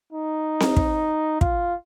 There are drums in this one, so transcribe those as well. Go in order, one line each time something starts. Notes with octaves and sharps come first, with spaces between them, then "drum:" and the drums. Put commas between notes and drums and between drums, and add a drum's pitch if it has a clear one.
D#4
drum: snare C4
drum: kick
F4, drum: kick